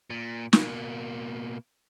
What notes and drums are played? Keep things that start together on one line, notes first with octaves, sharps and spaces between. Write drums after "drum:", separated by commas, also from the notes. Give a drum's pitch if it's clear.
A#2
B2 A#3, drum: snare